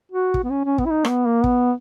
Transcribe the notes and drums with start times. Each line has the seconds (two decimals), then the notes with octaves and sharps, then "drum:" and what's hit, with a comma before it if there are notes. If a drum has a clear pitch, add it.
0.11 F#4
0.34 drum: kick
0.43 B3
0.50 C#4
0.65 C#4
0.78 B3, drum: kick
0.85 E4
0.90 D#4
1.05 A#3, drum: rim click
1.08 B3
1.26 A#3
1.44 B3, drum: kick